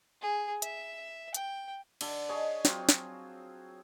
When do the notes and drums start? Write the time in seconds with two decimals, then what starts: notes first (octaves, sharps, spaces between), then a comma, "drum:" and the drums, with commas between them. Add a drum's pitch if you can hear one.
0.21 G#4
0.62 E5, drum: hi-hat
1.34 G5, drum: hi-hat
2.01 D3 A4, drum: cymbal
2.29 G#4 C#5 D#5
2.65 F#3 C4 F4, drum: snare
2.89 drum: snare